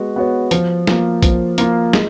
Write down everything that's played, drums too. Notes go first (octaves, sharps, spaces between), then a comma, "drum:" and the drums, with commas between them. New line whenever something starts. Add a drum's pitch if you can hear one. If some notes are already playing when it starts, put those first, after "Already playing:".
Already playing: G#3 B3 F#4
B3 F#4 C#5
F3, drum: hi-hat
A#3 F4, drum: snare
F3, drum: kick B1, hi-hat
A#3 F4, drum: hi-hat
G#3, drum: snare